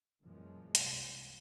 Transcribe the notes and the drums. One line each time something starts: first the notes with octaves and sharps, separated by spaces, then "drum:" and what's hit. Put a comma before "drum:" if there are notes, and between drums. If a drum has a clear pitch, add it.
F#2 A#2 E3 F3 G#3
C2, drum: hi-hat